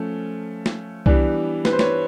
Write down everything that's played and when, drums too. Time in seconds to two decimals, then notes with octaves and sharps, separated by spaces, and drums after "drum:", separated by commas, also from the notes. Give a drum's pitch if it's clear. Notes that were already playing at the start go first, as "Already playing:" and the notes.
Already playing: F3 A3 C#4
0.66 drum: snare
1.06 E3 G3 B3 D4, drum: kick C2
1.65 B4, drum: snare
1.72 C5
1.79 B4 C#5, drum: snare